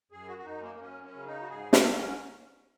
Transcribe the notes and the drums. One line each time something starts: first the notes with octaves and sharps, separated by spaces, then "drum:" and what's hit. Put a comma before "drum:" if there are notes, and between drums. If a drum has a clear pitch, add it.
F#2 G#4
F#4
F#4
F#2 D#4
A#3
A#3
F#2 C#4
C#4
C#3
D#4
F#4
G#2 G#4
A#3, drum: snare
G#2
C#4